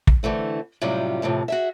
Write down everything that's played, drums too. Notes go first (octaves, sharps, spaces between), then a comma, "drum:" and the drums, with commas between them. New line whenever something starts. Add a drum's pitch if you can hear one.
drum: kick
D3 E3 A3 C4
A2 C3 F#3 G3 C#4 F4
A2 C3 E3 F3
F#4 G#4 E5